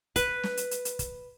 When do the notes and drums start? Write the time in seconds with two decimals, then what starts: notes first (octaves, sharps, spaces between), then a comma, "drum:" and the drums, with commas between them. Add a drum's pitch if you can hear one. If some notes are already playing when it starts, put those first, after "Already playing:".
0.16 B4, drum: kick, hi-hat
0.43 drum: snare
0.57 drum: hi-hat
0.71 drum: hi-hat
0.85 drum: hi-hat
0.99 drum: kick, hi-hat